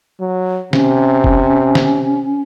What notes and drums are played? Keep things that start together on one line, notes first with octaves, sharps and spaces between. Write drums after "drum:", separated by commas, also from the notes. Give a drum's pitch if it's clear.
F#3
C3 C#4, drum: snare
drum: kick F1
drum: snare